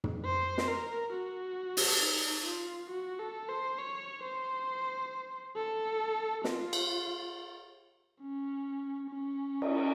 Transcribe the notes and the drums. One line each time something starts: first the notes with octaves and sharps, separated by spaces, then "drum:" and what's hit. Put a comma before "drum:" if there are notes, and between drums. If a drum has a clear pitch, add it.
drum: tom
C5
drum: snare
A#4
F#4
drum: open hi-hat
D#4
F4
F#4
A4
C5
C#5
C5
A4
F4, drum: snare
drum: cymbal
C#4
C#4
drum: cymbal